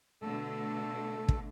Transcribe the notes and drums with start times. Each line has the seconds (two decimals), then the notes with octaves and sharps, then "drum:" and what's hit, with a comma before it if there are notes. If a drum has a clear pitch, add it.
0.22 B2 D3 A3 A4
1.28 drum: kick